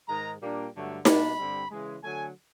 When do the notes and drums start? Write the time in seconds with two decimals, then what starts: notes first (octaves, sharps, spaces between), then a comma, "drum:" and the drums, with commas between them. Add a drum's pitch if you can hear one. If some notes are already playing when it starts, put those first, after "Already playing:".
0.08 G#2 D#3 G#3 A#5
0.40 A#2 G3 A#3 D4
0.73 G2 D3 F#3 A3
1.05 B2 G3 A#3 D4 B5, drum: snare D#4
1.38 G2 D3 G3 C4
1.70 C#3 E3 G#3
2.03 D3 F#3 A3 G#5